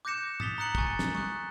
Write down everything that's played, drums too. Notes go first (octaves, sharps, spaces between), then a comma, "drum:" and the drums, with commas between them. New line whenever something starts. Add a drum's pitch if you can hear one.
D6 F#6 G6 A#6 C#7 E7
D#6 A6 B6 F7 G7, drum: tom
A#5 D#6 F#6 C#7 F#7
G#5 C#6 A6 G7, drum: kick
drum: snare
C#6 D#6 F#6, drum: tom